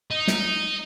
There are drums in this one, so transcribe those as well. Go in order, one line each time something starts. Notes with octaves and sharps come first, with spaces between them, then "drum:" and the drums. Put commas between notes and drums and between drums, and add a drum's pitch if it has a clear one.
D#4
drum: snare